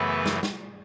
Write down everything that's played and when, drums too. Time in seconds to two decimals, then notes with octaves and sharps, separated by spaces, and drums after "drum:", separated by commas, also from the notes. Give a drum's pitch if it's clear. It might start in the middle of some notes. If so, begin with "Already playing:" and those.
Already playing: F#2 C#3 E3 A3 B3 B4
0.26 drum: snare
0.43 drum: snare